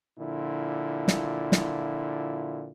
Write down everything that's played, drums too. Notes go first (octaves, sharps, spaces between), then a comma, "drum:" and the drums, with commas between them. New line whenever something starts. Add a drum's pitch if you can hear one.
A#2 D3 F3 E4
drum: snare
drum: snare